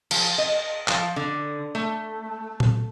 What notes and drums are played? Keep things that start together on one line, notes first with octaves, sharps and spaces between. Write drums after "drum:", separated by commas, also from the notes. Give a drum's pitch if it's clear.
F3, drum: cymbal
D#5
F3, drum: clap
D3
A3
drum: tom A#2